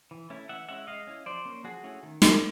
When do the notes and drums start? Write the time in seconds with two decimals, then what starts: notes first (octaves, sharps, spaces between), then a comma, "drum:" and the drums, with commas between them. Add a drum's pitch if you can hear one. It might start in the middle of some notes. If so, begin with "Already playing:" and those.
0.11 E3
0.30 A3 C#4 E4
0.49 E3 E5 F#5
0.68 G#3 C#4 E4 E5 F#5
0.87 G#3 D#5 F5
1.07 C#4 E4
1.26 F3 C5 D5
1.45 A#3 C#4
1.64 F3 F#4 G#4
1.84 A3 C#4 E4
2.03 D#3
2.22 G#3 C#4 E4, drum: snare